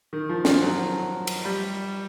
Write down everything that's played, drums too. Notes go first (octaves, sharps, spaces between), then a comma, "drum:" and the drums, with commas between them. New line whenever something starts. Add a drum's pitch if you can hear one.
D#3
F3
F3, drum: snare
F#3
drum: cymbal
G3